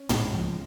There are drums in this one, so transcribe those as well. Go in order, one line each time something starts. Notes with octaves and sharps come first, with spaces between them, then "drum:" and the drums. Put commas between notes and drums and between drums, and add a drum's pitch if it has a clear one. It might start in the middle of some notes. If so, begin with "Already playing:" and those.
Already playing: C#4
C#2 G#3, drum: tom
C#3 F3